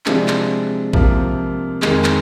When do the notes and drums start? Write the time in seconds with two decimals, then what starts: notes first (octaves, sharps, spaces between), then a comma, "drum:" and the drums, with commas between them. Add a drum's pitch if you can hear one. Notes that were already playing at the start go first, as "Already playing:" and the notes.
0.06 C3 F3 G#3 D4, drum: clap
0.28 drum: clap
0.93 C3 F3 A#3, drum: kick
1.82 F2 D#3 G#3, drum: clap
2.04 drum: clap